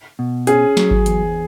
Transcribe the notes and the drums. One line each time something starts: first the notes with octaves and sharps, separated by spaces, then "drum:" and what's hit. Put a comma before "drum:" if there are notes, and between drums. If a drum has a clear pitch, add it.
B2
C#4 G#4, drum: hi-hat
F#3, drum: snare
drum: kick G#1
E2, drum: hi-hat